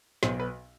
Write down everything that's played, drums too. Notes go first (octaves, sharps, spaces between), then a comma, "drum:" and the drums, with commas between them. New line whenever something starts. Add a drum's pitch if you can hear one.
B1 B2 C5, drum: snare
B4